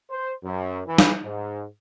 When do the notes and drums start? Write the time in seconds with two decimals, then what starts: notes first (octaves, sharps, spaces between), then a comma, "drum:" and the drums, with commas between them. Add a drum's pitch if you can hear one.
0.10 C5
0.44 F#2
0.87 E3
0.98 drum: snare
1.24 G#2